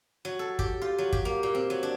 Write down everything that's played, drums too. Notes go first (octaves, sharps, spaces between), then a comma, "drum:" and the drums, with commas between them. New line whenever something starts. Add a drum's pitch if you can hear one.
F#3
A4
G4, drum: kick
F4
F#3
G4, drum: kick
A#3
A#2
C4
F#3
D4